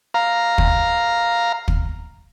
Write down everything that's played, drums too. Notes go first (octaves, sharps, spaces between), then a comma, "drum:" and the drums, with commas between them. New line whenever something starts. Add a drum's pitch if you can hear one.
F5 A#5
drum: kick
drum: kick